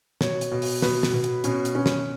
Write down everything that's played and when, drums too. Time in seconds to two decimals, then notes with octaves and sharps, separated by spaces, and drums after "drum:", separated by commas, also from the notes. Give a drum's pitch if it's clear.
0.21 B2 C#5, drum: snare
0.41 drum: hi-hat
0.52 B2
0.62 drum: open hi-hat
0.82 B2 B4, drum: snare
1.03 drum: snare
1.13 B2
1.24 drum: hi-hat
1.44 B2 C#4, drum: hi-hat
1.65 drum: hi-hat
1.75 B2 C#4
1.86 drum: snare